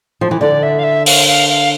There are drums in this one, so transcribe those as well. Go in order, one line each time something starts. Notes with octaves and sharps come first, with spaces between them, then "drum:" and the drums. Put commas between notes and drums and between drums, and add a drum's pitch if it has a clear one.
F3
E3
D3 D5
E5
F5
E5
F5, drum: open hi-hat
F5
F5